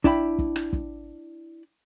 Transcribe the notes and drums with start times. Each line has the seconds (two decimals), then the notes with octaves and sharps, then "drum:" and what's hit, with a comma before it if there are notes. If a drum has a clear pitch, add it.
0.04 D4 E4 D5 G5 B5, drum: kick
0.39 drum: kick
0.56 drum: rim click
0.73 drum: kick